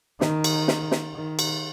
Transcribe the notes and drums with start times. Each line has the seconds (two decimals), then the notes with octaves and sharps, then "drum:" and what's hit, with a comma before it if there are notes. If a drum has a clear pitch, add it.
0.21 D#3, drum: snare
0.44 drum: cymbal
0.68 drum: snare
0.92 drum: snare
1.15 D#3
1.39 drum: cymbal